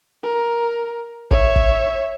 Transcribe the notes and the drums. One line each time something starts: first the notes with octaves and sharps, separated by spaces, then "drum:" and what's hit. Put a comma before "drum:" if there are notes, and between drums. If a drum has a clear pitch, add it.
A#4
C#5 E5, drum: kick
drum: kick